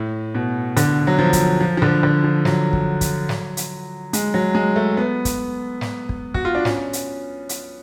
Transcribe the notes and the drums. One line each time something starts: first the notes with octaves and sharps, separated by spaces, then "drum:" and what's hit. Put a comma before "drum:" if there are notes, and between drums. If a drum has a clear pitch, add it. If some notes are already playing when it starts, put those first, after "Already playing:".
Already playing: A2
B2
D3, drum: hi-hat
F#3
F3
drum: kick, hi-hat
F3
F3
D3
D3
F3
F#3, drum: snare
drum: kick
drum: kick, hi-hat
drum: snare
drum: hi-hat
G#3, drum: hi-hat
F#3
G#3
A3
B3
drum: kick, hi-hat
drum: snare
drum: kick
F#4, drum: kick
F4
D4
C#4, drum: snare
drum: hi-hat
drum: hi-hat